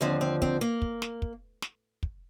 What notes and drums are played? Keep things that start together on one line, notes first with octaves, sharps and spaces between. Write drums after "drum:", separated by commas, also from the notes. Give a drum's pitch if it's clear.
D#2 D3 F3 C4
C4
C4, drum: kick
A#3
drum: kick
drum: snare
drum: kick
drum: snare
drum: kick